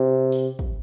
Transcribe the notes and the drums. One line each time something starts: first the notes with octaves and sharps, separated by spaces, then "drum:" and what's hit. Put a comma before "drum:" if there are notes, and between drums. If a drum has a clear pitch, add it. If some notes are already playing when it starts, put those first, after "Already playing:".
Already playing: C3
drum: open hi-hat
drum: kick